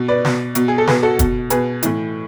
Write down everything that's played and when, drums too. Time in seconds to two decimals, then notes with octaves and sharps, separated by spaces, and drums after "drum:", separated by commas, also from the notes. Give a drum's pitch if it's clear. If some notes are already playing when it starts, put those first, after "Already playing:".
Already playing: B2
0.08 B4 D5
0.25 B2, drum: snare
0.55 B2, drum: hi-hat
0.68 G#4
0.78 A4
0.87 B2 G#4 B4, drum: snare
1.03 F#4 A4
1.19 B2, drum: kick, hi-hat
1.50 B2 G#4 B4, drum: hi-hat
1.83 A2 E3, drum: hi-hat